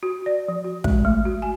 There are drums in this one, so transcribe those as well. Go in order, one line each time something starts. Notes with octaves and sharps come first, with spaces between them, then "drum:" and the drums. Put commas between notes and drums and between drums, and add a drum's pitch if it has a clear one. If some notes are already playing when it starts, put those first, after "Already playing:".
F#4
D5
F3
F#4
G#3, drum: kick
A3
F#4
G#5